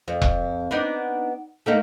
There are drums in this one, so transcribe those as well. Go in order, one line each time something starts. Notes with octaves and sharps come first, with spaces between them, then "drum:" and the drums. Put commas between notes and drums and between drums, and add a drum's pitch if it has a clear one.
F2
drum: kick E1
B3 D4 D#4
A3 A#3 D#4